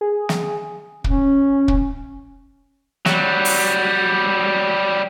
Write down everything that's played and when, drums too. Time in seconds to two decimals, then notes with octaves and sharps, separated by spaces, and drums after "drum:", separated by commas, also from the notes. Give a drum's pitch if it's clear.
0.01 G#4
0.29 drum: snare
1.04 C#4, drum: kick
1.68 drum: kick
3.05 F#3 G3, drum: snare
3.45 drum: open hi-hat